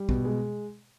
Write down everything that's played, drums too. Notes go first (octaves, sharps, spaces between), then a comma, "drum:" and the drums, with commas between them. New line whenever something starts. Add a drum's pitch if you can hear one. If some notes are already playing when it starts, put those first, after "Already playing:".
Already playing: G3
B2, drum: kick
G#3